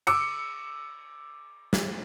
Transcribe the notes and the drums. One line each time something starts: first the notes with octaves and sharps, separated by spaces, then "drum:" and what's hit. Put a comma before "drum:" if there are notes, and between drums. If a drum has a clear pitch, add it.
D6 E6 C#7, drum: cymbal
drum: snare